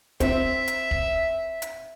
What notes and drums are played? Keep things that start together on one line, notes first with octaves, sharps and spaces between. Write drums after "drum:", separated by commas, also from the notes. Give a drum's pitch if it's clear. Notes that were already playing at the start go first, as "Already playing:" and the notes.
C4 E5, drum: kick, hi-hat
drum: hi-hat
drum: kick
drum: hi-hat